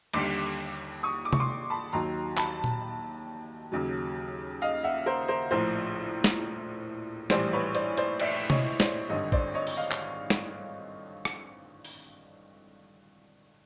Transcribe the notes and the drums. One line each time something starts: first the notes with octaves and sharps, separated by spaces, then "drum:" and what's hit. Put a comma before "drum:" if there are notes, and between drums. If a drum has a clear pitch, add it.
D#2 D3 G3 C6 D6, drum: cymbal
C#6 D#6
D6
C#6, drum: tom C3
C6 D6
A5 B5
D#2 D#3 F#3 A#5 C6
A5 B5, drum: clap
drum: tom A#2
D#2 C#3 F#3
D#5 F5
E5 F#5
A#4 C5
A#4 C5
A#1 A2 F3 A#4 C5
drum: snare
A#1 A2 E3 G3 C5 D5, drum: snare
B4 C#5
C5 D5, drum: hi-hat
C5 D5, drum: hi-hat
D5 E5, drum: cymbal
C#5 D#5, drum: tom C3
C5 D5, drum: snare
G#1 G2 D3 C#5 D#5
C5 D5, drum: kick
C#5 D#5
drum: open hi-hat
D#5 F5
drum: clap
drum: snare
drum: rim click
drum: open hi-hat